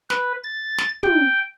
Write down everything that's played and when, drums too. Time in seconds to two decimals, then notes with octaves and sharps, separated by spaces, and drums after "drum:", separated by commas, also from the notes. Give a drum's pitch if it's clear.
0.10 B4, drum: snare
0.44 A6
0.78 drum: snare
1.03 G5, drum: tom